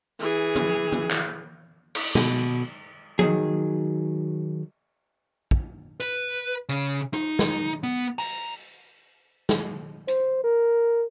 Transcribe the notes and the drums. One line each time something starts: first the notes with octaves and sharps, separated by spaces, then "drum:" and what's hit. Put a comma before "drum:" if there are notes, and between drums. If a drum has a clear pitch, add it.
E3 G#4, drum: tambourine
drum: tom
drum: tom
drum: clap
drum: cymbal
B2, drum: snare
D#3 F#3 G#4, drum: tom F3
drum: kick
B4, drum: hi-hat
C#3, drum: tambourine
D#4, drum: rim click
drum: snare
B3
A#5, drum: open hi-hat
drum: snare
C5, drum: hi-hat
A#4